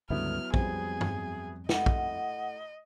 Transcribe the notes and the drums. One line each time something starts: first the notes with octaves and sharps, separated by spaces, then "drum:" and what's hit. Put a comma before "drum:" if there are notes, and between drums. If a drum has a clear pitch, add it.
C#2 G2 D3 F#3 B3 E4 F6
F2 G3 C4 G#4, drum: kick
drum: tom G2
A3 E4 D#5 F#5, drum: snare
drum: kick